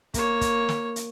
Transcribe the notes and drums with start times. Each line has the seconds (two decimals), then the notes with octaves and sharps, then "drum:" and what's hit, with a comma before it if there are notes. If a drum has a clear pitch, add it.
0.14 A#3 C#5, drum: kick, hi-hat
0.41 drum: kick, hi-hat
0.69 drum: snare
0.96 drum: hi-hat